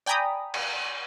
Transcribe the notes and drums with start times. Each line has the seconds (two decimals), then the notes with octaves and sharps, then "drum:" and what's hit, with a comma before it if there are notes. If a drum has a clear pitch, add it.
0.06 D5 G5 G#5 A#5 B5 D#6
0.54 drum: cymbal